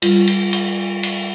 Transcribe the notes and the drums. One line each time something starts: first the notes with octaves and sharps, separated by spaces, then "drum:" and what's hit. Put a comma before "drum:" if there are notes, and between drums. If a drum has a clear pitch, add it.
G3 F4, drum: cymbal
drum: cymbal
drum: cymbal
drum: cymbal